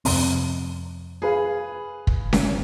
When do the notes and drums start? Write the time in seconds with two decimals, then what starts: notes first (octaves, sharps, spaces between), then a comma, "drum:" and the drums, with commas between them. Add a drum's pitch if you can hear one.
0.05 F2 C3 C4, drum: open hi-hat
1.22 G#4 B4 F5
2.07 drum: kick
2.33 drum: snare C#4